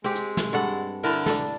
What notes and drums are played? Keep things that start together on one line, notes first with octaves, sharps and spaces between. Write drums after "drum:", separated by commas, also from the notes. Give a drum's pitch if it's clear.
G#3 C4 G4
drum: hi-hat
drum: snare
G2 A4 F#5
D3 E4 A#4, drum: open hi-hat
D4 A4, drum: snare